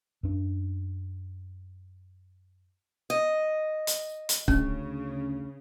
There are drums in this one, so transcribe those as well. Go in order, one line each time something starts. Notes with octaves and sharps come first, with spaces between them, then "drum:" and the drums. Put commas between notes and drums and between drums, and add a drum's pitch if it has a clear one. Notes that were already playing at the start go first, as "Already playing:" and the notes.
F#2 D4
D#5
drum: hi-hat
drum: hi-hat
D2 C#3 C#4, drum: kick